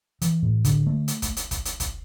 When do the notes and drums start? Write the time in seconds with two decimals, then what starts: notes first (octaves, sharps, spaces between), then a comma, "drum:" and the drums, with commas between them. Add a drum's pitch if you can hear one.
0.22 E3, drum: hi-hat
0.43 A2
0.65 D3, drum: kick, hi-hat
0.86 A3
1.08 drum: hi-hat
1.22 drum: kick, hi-hat
1.37 drum: hi-hat
1.51 drum: kick, hi-hat
1.65 drum: hi-hat
1.80 drum: kick, hi-hat